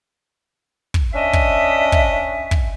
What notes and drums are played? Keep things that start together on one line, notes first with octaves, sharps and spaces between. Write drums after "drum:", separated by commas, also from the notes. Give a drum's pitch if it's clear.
drum: kick
C#4 D4 D#5 E5
drum: kick
drum: kick
drum: kick